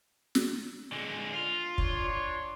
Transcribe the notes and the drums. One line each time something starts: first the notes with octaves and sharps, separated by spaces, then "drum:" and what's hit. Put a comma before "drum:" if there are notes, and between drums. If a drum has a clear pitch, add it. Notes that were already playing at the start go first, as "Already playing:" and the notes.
drum: snare
D3 G#3
F4
D4 C#5 C6, drum: kick